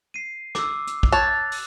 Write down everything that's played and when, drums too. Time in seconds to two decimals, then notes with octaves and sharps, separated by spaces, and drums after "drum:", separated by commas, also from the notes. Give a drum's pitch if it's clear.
0.14 C7 D#7
0.55 D6 E6, drum: snare
0.87 drum: hi-hat
1.03 drum: kick
1.12 C#5 A5 F#6
1.52 drum: open hi-hat